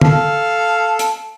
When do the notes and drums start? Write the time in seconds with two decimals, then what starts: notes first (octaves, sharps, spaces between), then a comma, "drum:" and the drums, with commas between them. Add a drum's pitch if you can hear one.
0.01 A4 F5, drum: tom
0.99 drum: hi-hat